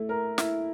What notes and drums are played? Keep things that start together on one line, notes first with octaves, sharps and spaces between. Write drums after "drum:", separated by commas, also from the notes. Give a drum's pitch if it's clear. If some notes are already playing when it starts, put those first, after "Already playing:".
Already playing: A3 E4
A#4
E4, drum: snare